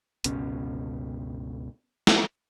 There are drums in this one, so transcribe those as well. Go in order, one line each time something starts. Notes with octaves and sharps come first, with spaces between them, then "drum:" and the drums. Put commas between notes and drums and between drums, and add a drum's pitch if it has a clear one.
G1 C#2 B2 C#4, drum: hi-hat
drum: snare